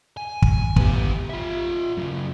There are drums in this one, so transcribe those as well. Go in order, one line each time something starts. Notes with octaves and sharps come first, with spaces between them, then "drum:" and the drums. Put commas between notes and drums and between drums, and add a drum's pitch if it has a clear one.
G#5
drum: kick
G3 B3, drum: kick
F4 E5
F#2 C#3